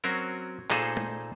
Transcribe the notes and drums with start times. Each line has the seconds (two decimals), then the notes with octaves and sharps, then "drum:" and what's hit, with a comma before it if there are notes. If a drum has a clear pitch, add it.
0.04 F#3 C4 C#4 F#4 A#4
0.70 A#2 A3 D#4 G#4 A4 C5, drum: clap
0.97 drum: tom